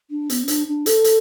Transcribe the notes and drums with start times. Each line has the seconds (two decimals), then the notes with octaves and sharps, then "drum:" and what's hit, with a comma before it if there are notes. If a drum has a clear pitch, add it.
0.10 D4
0.30 B3, drum: hi-hat
0.43 C#4
0.48 D4, drum: hi-hat
0.67 D4
0.86 A4, drum: hi-hat
1.04 drum: hi-hat